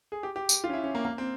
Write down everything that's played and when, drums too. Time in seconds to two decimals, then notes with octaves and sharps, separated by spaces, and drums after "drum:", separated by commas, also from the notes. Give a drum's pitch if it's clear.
0.12 G#4
0.23 G4
0.36 G4
0.49 drum: tambourine
0.64 F4
0.69 C#4
0.73 E4
0.84 C#4
0.95 A#3
1.05 A#3
1.18 C4